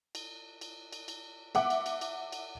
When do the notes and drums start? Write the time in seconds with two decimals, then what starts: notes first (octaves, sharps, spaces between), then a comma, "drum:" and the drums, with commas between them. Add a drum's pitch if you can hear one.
0.15 drum: cymbal
0.61 drum: cymbal
0.93 drum: cymbal
1.08 drum: cymbal
1.55 E5 F#5 D6, drum: cymbal
1.70 drum: cymbal
1.86 drum: cymbal
2.01 drum: cymbal
2.32 drum: cymbal